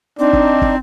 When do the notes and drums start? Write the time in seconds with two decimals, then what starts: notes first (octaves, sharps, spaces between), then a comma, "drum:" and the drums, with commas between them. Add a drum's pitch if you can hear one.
0.19 C4 D4 D#4 D5
0.33 drum: kick
0.62 drum: kick